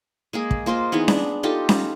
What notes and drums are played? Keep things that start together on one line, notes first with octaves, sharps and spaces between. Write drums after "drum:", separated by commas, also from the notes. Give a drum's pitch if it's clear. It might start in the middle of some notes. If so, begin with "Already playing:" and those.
G#3 A#3 G#4
drum: kick
A#3 F4 C5 D#5
E3 B3 D#4 G#4
D4, drum: snare C#4
D#4 F4 G4 A4
drum: snare C#4